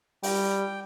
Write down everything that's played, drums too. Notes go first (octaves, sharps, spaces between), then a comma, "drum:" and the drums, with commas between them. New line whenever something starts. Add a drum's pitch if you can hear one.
G3 G5, drum: open hi-hat